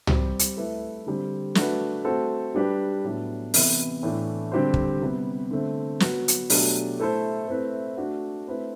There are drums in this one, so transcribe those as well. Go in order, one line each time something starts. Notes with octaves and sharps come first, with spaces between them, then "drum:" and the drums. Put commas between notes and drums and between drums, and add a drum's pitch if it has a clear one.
G3 C4 G4, drum: tom
drum: hi-hat
A3 E4 B4
D3 G3 C4
A3 D4 F#4 B4, drum: snare
A3 C4 F#4 A4 C5
G3 D4 G4 B4
A2 F#3 B3 D4
C3 E3 B3 E4, drum: open hi-hat
A2 E3 A3 D4
D3 G3 C4 G4 C5
drum: kick
C3 G3 B3
D3 A3 C4
F#3 B3 F#4 B4, drum: snare
drum: hi-hat
B2 F#3 A3 D4 G4, drum: open hi-hat
A3 E4 A4 C5
A3 C4 E4 B4
A3 D4 F#4
A3 C4 E4 B4